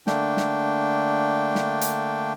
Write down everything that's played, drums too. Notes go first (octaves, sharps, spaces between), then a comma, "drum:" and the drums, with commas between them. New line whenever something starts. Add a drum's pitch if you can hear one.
D3 A3 A#3 D4 G5, drum: snare
drum: snare
drum: snare
drum: hi-hat